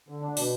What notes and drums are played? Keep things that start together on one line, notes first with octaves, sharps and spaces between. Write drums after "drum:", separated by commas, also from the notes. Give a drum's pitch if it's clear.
D3
D4
B2, drum: open hi-hat